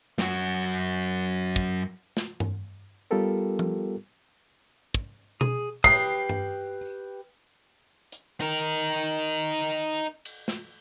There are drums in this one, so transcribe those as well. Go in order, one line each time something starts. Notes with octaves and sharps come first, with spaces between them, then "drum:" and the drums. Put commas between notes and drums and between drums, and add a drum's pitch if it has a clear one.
F#2 F#4, drum: snare
drum: kick
drum: snare
drum: tom G2
G3 B3 F4 G4 A4 A#4
drum: tom F3
drum: kick
G#4, drum: tom B2
G4 B4 D#6 C7, drum: kick
drum: tom G2
drum: tambourine
drum: hi-hat
D#4 A#4, drum: hi-hat
drum: cymbal
drum: snare